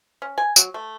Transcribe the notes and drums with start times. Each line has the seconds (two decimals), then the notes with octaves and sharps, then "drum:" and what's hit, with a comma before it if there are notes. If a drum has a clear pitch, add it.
0.22 C#4
0.38 G#5
0.56 F#3, drum: tambourine
0.74 A3